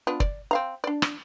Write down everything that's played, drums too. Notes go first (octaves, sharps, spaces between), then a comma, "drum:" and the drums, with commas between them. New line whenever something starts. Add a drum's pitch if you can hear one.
B3 D4 F4
D5, drum: kick
C4 F5 A#5
D4 D5
drum: rim click